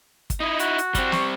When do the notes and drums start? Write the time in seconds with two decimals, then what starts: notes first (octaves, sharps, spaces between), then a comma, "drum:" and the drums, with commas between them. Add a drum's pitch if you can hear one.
0.30 drum: kick, hi-hat
0.40 D#4 E4 D#5
0.59 F#4, drum: hi-hat
0.78 drum: hi-hat
0.95 G3 C4, drum: kick, hi-hat
1.12 C#6, drum: snare